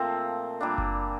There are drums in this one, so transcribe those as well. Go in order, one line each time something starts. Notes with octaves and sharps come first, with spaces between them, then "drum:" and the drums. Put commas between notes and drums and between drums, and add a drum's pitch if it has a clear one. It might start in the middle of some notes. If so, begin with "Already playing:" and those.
Already playing: A#2 F3 A3 C4
A#2 G3 A#3 D4
drum: kick F#1